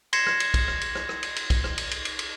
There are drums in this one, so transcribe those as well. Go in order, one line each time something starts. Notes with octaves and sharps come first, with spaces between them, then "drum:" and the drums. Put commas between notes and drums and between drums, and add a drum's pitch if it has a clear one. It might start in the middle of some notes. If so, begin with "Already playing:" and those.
C6 G#6 A#6 C7 C#7 E7, drum: cymbal
drum: rim click
drum: cymbal
drum: kick, cymbal
drum: rim click
drum: cymbal
drum: rim click
drum: rim click
drum: cymbal
drum: cymbal
drum: kick, cymbal
drum: rim click
drum: cymbal
drum: cymbal
drum: cymbal
drum: cymbal